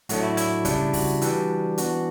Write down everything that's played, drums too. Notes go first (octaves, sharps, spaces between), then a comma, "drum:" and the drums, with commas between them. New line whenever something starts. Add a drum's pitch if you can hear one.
A2 F#3 A3 D4 F#4, drum: hi-hat
E4
E4, drum: hi-hat
C#3 G3 D4, drum: kick, hi-hat
F#4, drum: kick, open hi-hat
E3 G3 D4, drum: hi-hat
E3 B3 D4 F#4, drum: hi-hat